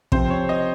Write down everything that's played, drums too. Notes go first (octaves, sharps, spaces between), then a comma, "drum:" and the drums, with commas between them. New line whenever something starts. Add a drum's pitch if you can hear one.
C3 F3 C4 C5, drum: kick
C#5
D#5